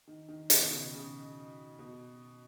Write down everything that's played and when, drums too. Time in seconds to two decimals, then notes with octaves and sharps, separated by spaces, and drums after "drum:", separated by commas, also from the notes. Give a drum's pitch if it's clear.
0.07 D#3
0.28 D#3
0.50 D#3, drum: hi-hat
0.61 B2
0.71 C#3
0.94 C#3
1.79 B2